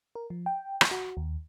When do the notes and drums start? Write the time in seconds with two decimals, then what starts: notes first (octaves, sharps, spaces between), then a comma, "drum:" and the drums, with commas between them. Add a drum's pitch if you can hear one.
0.15 A#4
0.30 F3
0.46 G5
0.81 drum: rim click
0.91 F#4
1.17 D#2